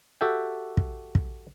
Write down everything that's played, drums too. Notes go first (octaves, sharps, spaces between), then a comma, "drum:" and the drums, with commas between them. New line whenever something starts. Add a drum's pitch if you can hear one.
F#4 G4 A4 E5 G5
drum: kick
drum: kick